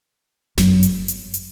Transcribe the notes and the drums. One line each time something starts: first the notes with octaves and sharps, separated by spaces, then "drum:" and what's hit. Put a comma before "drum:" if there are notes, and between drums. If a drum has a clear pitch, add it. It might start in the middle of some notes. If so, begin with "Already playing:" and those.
G1 F#2 F#3, drum: snare
drum: hi-hat
drum: hi-hat
drum: hi-hat